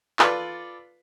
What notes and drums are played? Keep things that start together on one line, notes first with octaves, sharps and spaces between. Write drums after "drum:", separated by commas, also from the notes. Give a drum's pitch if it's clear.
F4 A4 B4 D5, drum: clap